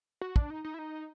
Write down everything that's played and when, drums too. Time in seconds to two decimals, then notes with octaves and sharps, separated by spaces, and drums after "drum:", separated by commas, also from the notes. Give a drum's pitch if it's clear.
0.22 F#4
0.36 D4, drum: kick
0.50 D#4
0.65 D#4
0.74 E4
0.79 D#4